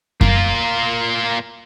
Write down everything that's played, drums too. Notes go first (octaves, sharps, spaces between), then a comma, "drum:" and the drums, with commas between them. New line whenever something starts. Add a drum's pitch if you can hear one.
A#3 F4, drum: kick F#2